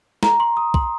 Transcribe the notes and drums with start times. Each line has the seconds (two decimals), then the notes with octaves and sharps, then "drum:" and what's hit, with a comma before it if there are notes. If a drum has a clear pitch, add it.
0.23 A#5, drum: snare
0.40 C6
0.57 D#6
0.74 C6, drum: kick